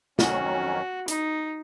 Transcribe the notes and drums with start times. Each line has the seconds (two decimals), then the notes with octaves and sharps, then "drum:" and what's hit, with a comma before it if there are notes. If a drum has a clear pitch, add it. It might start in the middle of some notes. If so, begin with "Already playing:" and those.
0.19 F2 D#3 F#3 C#4 F#4, drum: snare
1.08 D#4, drum: hi-hat